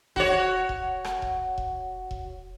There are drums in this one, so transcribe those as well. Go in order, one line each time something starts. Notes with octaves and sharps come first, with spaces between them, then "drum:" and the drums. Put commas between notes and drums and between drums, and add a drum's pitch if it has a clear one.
F#4 C#5, drum: kick E1
drum: kick E1
drum: rim click
drum: kick E1
drum: kick E1
drum: kick E1